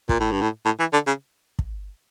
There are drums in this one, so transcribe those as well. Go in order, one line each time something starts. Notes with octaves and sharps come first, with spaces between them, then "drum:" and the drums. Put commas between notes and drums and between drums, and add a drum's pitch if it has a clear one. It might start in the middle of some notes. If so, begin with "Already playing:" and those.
A#2, drum: kick
A2
G2
A2
A2
E3
D3
C#3
drum: kick